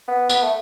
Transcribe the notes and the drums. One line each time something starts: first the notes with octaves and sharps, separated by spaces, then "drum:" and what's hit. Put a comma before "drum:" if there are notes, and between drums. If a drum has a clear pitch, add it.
B3
B3, drum: tambourine
A3